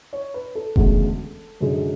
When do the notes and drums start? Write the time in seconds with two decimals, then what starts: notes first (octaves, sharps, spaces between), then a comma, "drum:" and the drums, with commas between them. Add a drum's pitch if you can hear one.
0.13 C#5
0.34 B4
0.55 A4
0.76 E1 D2 C#3 G#3, drum: kick F1
1.61 F#2 D3 G#3